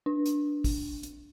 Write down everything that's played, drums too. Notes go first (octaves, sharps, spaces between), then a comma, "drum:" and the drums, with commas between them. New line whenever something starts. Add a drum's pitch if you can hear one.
D4
drum: hi-hat
drum: kick, open hi-hat
drum: hi-hat